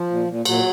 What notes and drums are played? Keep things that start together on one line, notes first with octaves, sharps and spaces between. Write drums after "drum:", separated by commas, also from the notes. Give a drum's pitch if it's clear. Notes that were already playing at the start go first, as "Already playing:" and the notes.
Already playing: F3
A#2
A#2
A#2 F#3, drum: cymbal